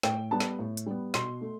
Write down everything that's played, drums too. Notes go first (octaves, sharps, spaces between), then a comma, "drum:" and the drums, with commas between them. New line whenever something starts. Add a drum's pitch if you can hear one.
A2 G5, drum: snare
G3 B3 A5
drum: snare
A2
drum: hi-hat
G3 B3
B2 C6, drum: snare
A3